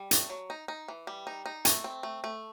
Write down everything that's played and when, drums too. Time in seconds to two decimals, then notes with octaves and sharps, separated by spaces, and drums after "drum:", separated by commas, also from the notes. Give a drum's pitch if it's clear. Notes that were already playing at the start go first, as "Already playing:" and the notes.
Already playing: G3
0.11 A3, drum: hi-hat
0.30 F#3
0.50 D#4
0.68 D#4
0.88 E3
1.07 G3
1.27 D#4
1.46 D#4
1.65 A3 G#5, drum: hi-hat
1.84 C4
2.03 A3
2.24 A3